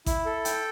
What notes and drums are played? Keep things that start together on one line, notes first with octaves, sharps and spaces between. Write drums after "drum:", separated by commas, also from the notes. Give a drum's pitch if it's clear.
E4, drum: kick A1, hi-hat
A4
G5, drum: hi-hat